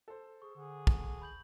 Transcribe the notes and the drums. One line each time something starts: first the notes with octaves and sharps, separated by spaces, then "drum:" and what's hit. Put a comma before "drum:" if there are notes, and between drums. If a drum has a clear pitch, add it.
A4 C5
G#4 C#6
D3 G#4
drum: kick
B5 G6 F#7